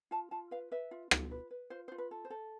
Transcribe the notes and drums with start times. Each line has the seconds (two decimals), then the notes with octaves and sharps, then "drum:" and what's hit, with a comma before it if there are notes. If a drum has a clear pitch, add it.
0.11 F4 A5
0.31 F4 A5
0.51 B4 F5
0.72 B4 E5
0.91 F4
1.11 F4, drum: rim click
1.31 B4
1.51 B4
1.70 F4 C5
1.88 F4 C5
1.98 B4
2.11 A4
2.25 C5
2.30 A4